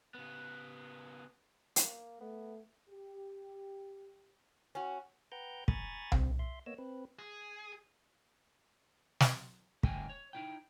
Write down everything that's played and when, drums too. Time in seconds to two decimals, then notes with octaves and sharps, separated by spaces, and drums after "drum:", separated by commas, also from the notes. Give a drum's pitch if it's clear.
0.15 C#3 B3
1.76 A#3, drum: hi-hat
2.21 A3 B3
2.90 G4
4.75 C#4 F#4
5.32 B4 F#5 G5 A#5 G6
5.68 G#5 A#5 B5 C#6 D#6 A6, drum: kick
6.12 C3 C4, drum: tom C2
6.39 E5 C6
6.66 A#3 B3 C#5 D#5 E6
6.78 C4 B4
7.19 G#4
9.20 drum: snare
9.83 G2 D3 A3 D#5 G5 G#5, drum: kick
10.10 C#5
10.33 D#4 E4 G5